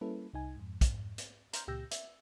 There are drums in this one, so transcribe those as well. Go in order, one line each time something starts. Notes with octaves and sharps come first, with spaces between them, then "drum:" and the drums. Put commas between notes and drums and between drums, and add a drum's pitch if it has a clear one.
G3 A#3 C#4 E4 A4 B4
C2 D#4 G#5
F2 G#2
drum: kick, hi-hat
drum: hi-hat
A#5 C6 F6 G6, drum: hi-hat
C#2 A#2 G4 E6 G6 A#6
E5, drum: hi-hat